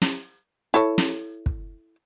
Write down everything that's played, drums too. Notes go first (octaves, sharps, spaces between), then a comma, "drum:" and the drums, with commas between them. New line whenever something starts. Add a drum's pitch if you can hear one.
drum: snare
E4 A4 C#5
drum: snare
drum: kick